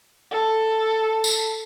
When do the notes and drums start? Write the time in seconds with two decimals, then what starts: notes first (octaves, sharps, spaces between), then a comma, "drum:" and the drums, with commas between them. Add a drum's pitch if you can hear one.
0.31 A4
1.24 drum: tambourine